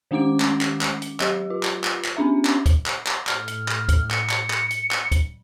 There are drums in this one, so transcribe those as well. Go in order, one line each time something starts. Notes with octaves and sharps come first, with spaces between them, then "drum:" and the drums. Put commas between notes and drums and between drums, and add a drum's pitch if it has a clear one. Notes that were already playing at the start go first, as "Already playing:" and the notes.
D#3 G#3 A3 C#4 D6 D7
drum: clap
drum: clap
drum: clap
drum: hi-hat
F#3 G4, drum: clap
F4
drum: clap
drum: clap
drum: clap
B3 C#4 D4 E5
drum: clap
drum: kick, hi-hat
drum: clap
drum: clap
A2 F6, drum: clap
drum: hi-hat
drum: clap
drum: kick, hi-hat
C#7, drum: clap
drum: clap
drum: clap
drum: hi-hat
drum: clap
drum: kick, hi-hat